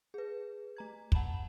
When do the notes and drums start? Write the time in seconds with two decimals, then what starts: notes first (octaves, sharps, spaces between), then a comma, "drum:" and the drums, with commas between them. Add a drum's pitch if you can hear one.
0.14 G#4 B4
0.77 A3 A#5 G#6
1.12 F#5 A5 B5 E7 F#7, drum: kick